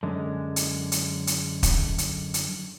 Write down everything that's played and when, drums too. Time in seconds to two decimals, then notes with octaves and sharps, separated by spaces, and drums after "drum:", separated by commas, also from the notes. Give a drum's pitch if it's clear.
0.03 F#2 D3 G#3
0.56 drum: hi-hat
0.92 drum: hi-hat
1.27 drum: hi-hat
1.63 drum: kick, hi-hat
1.98 drum: hi-hat
2.34 drum: hi-hat